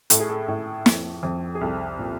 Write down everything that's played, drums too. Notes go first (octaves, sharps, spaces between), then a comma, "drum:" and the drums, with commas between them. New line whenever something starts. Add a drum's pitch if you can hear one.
A2 A4, drum: hi-hat
G#4
A4
A2
F2, drum: snare
F2
G#4
C2 A4
A#2